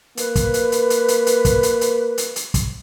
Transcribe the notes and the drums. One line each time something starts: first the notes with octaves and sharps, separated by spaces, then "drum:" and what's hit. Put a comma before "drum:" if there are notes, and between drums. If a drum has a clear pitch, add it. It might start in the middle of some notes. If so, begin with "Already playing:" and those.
A#3 B4, drum: hi-hat
drum: kick, hi-hat
drum: hi-hat
drum: hi-hat
drum: hi-hat
drum: hi-hat
drum: hi-hat
drum: kick, hi-hat
drum: hi-hat
drum: hi-hat
drum: hi-hat
drum: hi-hat
drum: kick, hi-hat